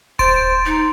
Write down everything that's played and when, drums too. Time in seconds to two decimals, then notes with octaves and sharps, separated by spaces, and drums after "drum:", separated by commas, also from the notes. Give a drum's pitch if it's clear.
0.19 C5 C6 A6 D7, drum: kick D#1
0.66 D#4